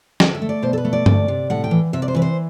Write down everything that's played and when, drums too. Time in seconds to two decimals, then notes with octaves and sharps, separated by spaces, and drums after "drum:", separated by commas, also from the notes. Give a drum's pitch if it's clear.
0.20 D3, drum: snare
0.35 E5
0.42 A3
0.49 D5
0.62 B2 C5
0.73 A4
0.78 B4
0.85 A3
0.93 D5
1.06 D2, drum: tom G2
1.28 C3
1.50 A2 F#5
1.64 G5
1.71 E3
1.93 C3 E5
2.02 D5
2.08 C5
2.15 E3 B4
2.22 C5